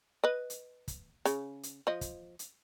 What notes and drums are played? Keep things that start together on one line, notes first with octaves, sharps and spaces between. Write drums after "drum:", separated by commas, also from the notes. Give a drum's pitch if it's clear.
B4 D#5
drum: hi-hat
drum: kick, hi-hat
C#3, drum: hi-hat
drum: hi-hat
F3 D#5
drum: kick, hi-hat
drum: hi-hat